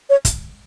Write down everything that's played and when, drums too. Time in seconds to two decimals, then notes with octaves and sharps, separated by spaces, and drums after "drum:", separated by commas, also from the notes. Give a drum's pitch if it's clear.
0.10 C#5
0.25 drum: kick, hi-hat